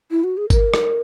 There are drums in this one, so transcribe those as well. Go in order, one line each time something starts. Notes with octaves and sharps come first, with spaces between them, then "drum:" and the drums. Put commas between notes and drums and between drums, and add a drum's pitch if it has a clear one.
E4
F#4
G#4
A#4, drum: kick G1, tambourine
drum: rim click